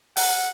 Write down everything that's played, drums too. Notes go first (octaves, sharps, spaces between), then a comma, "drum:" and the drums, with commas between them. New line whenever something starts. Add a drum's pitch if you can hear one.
F#5, drum: open hi-hat